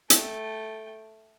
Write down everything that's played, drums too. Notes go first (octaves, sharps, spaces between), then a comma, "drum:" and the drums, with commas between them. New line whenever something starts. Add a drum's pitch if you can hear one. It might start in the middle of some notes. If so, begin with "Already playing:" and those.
A3 G5, drum: hi-hat